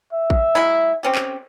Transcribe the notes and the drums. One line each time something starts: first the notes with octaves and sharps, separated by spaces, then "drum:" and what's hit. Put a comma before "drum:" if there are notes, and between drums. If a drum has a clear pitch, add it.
E5
drum: kick A1
F#3 G#3 E4
C4 C#4 G4
drum: clap